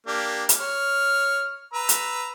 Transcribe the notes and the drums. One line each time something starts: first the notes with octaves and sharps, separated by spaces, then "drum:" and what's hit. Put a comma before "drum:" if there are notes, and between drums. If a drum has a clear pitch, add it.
A#3 D4 G4
drum: hi-hat
C#5 F6
B4 A#5 E6
drum: hi-hat